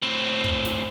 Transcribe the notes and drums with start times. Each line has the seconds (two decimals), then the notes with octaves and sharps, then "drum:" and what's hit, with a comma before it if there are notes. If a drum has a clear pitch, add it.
0.02 A2 C4
0.44 drum: kick
0.65 drum: snare